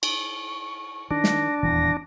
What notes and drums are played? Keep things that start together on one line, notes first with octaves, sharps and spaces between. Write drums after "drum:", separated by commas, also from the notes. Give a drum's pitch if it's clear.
C#6, drum: cymbal
D#3 D4 A#6
drum: snare
D#1 E2 E3 A#6